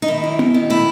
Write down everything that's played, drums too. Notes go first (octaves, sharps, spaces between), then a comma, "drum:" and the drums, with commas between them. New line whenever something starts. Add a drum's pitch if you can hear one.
D#4
D#3 E4
F#2
F#2, drum: tom B3
D#3
A2 E4